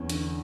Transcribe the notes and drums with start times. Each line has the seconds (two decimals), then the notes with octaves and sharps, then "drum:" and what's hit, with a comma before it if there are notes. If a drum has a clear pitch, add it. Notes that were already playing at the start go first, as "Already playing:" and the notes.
Already playing: E2 C#4
0.10 D3, drum: hi-hat